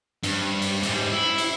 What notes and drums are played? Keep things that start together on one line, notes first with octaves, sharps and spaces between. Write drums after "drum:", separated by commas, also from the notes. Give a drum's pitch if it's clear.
G2, drum: cymbal
drum: cymbal
G#2 G3, drum: cymbal
E4
drum: cymbal